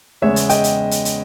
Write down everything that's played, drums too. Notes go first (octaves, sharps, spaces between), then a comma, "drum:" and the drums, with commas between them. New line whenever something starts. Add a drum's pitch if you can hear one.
E2 C#3 G#3 B3 C#5 E5
drum: hi-hat
D#5 G5, drum: hi-hat
drum: hi-hat
drum: hi-hat
drum: hi-hat